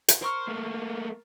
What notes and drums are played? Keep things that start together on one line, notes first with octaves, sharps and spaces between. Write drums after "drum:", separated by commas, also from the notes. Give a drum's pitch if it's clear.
drum: hi-hat
A#4 C5 C#6 F6
A3 A#3